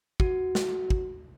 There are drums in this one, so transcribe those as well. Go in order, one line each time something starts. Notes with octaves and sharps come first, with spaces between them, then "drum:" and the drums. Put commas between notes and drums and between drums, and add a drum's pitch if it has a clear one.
F#4, drum: kick
drum: snare
drum: kick